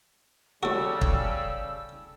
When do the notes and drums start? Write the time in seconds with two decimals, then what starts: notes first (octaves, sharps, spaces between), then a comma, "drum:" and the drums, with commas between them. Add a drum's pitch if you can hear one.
0.63 D#2 C#3 G3 F#4 A4 E6
1.01 drum: kick